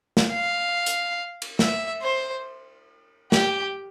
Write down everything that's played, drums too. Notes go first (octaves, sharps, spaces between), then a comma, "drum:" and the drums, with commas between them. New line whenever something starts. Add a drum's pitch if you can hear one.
drum: snare
F5
drum: hi-hat
drum: cymbal
E5, drum: snare
C5
G4, drum: snare